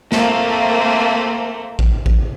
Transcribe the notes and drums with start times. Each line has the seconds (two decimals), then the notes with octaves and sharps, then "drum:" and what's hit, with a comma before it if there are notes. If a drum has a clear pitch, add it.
0.12 A3 A#3 C4, drum: snare
1.79 drum: kick A1
2.06 drum: kick A1